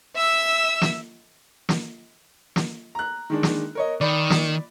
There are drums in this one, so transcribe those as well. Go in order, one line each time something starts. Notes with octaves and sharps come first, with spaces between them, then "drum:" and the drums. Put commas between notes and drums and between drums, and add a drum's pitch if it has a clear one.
E5 E6
drum: snare
drum: snare
drum: snare
A#5 F#6
D#3 G#3 D4
drum: snare
A#4 C#5 D#5
D#3 D5 B5
drum: snare